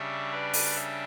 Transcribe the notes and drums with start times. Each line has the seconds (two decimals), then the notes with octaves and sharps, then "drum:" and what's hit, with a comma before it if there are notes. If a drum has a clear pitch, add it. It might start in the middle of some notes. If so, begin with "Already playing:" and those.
Already playing: C#3 G3 D4 C#5 E5
0.32 B4 D5
0.53 drum: open hi-hat
0.75 C#5 E5